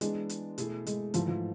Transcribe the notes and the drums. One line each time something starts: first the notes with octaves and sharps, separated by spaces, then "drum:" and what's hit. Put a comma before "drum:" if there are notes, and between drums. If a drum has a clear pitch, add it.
E3 G#3 B3 D4, drum: hi-hat
drum: hi-hat
B2 A3 E4 G#4, drum: hi-hat
G#3, drum: hi-hat
G#2 E3 F3 A3, drum: hi-hat
F3